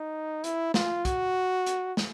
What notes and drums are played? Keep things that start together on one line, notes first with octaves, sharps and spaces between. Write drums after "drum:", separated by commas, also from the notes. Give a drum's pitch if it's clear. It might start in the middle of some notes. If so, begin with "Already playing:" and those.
Already playing: D#4
E4, drum: hi-hat
F4, drum: snare
F#4, drum: kick, hi-hat
drum: hi-hat
drum: snare